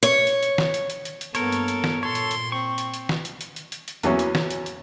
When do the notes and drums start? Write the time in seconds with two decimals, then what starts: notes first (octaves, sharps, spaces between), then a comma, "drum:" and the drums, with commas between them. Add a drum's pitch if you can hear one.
0.03 C#5
0.27 drum: hi-hat
0.43 drum: hi-hat
0.58 drum: snare
0.74 drum: hi-hat
0.90 drum: hi-hat
1.05 drum: hi-hat
1.21 drum: hi-hat
1.35 G2 A#3 B3 A4 A#4 C#5, drum: hi-hat
1.52 drum: hi-hat
1.68 drum: hi-hat
1.84 drum: snare
2.03 A#2 A4 C#5 C6
2.15 drum: hi-hat
2.31 drum: hi-hat
2.52 C4 C#6
2.78 drum: hi-hat
2.94 drum: hi-hat
3.09 drum: snare
3.25 drum: hi-hat
3.41 drum: hi-hat
3.56 drum: hi-hat
3.72 drum: hi-hat
3.88 drum: hi-hat
4.03 E2 E3 F#3 A#3 C#4, drum: hi-hat
4.19 drum: hi-hat
4.35 drum: snare
4.50 drum: hi-hat
4.66 drum: hi-hat